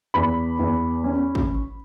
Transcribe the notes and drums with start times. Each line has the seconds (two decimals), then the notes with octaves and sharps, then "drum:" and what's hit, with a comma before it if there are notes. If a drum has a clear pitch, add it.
0.14 E2 B5
0.59 E2
1.04 C#4
1.35 drum: kick